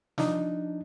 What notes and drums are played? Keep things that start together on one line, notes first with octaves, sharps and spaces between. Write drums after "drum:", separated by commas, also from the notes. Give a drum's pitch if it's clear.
F3 D4 D#4, drum: snare